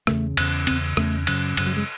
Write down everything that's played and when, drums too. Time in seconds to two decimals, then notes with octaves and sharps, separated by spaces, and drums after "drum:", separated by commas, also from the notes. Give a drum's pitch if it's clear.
0.07 E2 C#3 A3, drum: rim click
0.37 E2 C#3, drum: cymbal
0.67 E2 C#3 C4, drum: cymbal
0.97 E2 C#3 A3, drum: rim click
1.27 F#2 C#3, drum: cymbal
1.57 F#2 C#3, drum: cymbal
1.66 F#3
1.77 G#3